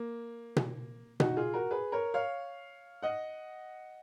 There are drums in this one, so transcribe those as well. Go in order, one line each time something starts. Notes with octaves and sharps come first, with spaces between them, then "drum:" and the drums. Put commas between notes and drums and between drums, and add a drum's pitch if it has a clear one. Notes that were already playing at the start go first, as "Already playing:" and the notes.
Already playing: A#3
drum: tom B2
D#4 F#4, drum: tom B2
F4 G#4
F#4 A#4
G#4 B4
A#4 C#5
C#5 F5
D#5 F#5